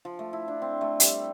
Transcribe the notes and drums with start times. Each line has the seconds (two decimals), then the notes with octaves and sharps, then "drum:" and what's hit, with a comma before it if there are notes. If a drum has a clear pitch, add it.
0.05 F3
0.19 A3
0.33 E4
0.48 D4
0.62 C4
0.81 A3
1.00 G3, drum: hi-hat